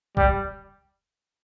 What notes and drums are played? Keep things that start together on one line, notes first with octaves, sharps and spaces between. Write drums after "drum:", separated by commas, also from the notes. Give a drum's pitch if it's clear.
G3, drum: kick